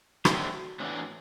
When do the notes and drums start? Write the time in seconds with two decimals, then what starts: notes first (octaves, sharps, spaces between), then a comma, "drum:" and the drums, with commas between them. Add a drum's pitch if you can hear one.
0.25 F#3 A3 D4 F#4 G4 C5, drum: rim click
0.80 A2 E3 B3 D4